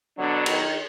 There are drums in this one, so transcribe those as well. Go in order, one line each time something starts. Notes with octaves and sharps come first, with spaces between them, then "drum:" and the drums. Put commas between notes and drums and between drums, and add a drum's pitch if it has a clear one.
B2 D3 F#3 D4
D#3 D#4, drum: cymbal